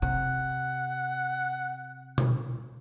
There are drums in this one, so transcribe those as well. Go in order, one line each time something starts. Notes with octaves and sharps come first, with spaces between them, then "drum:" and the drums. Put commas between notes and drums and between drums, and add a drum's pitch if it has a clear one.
C3 F#5
drum: tom B2